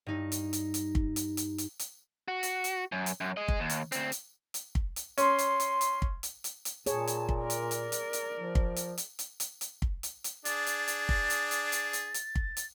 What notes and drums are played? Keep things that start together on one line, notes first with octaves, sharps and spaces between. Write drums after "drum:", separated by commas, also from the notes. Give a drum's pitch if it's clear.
G2 D#4
drum: hi-hat
drum: hi-hat
drum: hi-hat
drum: kick
drum: hi-hat
drum: hi-hat
drum: hi-hat
drum: hi-hat
F#4
drum: hi-hat
drum: hi-hat
F#2
drum: hi-hat
F#2
G#4 D#5
drum: kick
D#2
drum: hi-hat
D2 C4, drum: hi-hat
drum: hi-hat
drum: hi-hat
drum: kick
drum: hi-hat
C#4 C6, drum: hi-hat
drum: hi-hat
drum: hi-hat
drum: hi-hat
drum: kick
drum: hi-hat
drum: hi-hat
drum: hi-hat
A#2 G#4 C#5 A5, drum: hi-hat
drum: hi-hat
drum: kick
A#4 D5
drum: hi-hat
drum: hi-hat
drum: hi-hat
drum: hi-hat
F3
drum: kick
drum: hi-hat
drum: hi-hat
drum: hi-hat
drum: hi-hat
drum: hi-hat
drum: kick
drum: hi-hat
drum: hi-hat
D4 G#4 A6, drum: hi-hat
drum: hi-hat
drum: hi-hat
drum: kick
drum: hi-hat
drum: hi-hat
drum: hi-hat
drum: hi-hat
drum: hi-hat
drum: kick
drum: hi-hat